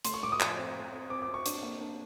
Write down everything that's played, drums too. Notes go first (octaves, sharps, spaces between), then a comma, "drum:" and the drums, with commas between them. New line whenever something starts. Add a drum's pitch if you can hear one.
A3 C6, drum: hi-hat
C#6
A2 D6
D#6
F3, drum: clap
C4
C4
C4
C4 D6
D6
C4
C#6
D4 C#6, drum: hi-hat
A#3
D4